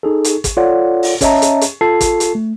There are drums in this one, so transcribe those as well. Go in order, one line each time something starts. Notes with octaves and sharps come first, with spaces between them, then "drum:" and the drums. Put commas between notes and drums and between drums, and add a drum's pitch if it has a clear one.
D#4 G#4 A4
drum: hi-hat
drum: kick, hi-hat
F4 A4 C#5 D5 F#5
drum: open hi-hat
C#4 C#5 D#5 E5 A5 A#5, drum: kick, hi-hat
drum: hi-hat
drum: hi-hat
F4 A4 A5 C7
drum: kick, hi-hat
drum: hi-hat
A3